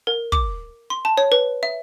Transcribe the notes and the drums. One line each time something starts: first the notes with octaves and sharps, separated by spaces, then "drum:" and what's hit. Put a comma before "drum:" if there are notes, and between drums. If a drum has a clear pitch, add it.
A#4
D6, drum: kick
C6
A5
C#5
B4
E5